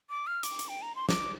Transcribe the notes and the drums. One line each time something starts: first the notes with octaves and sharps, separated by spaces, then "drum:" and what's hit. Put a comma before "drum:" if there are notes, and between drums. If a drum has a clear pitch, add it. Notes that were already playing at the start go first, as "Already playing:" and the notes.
D6
F6
D6, drum: hi-hat
drum: hi-hat
G5
A#5
C6
D6, drum: snare